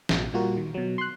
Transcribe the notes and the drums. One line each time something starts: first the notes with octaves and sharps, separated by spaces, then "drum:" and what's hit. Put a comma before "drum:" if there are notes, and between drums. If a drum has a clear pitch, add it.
A1 B2, drum: snare
A#2 G3 F4 F#4 A#4
D#3
B2 F#3
C6 F#6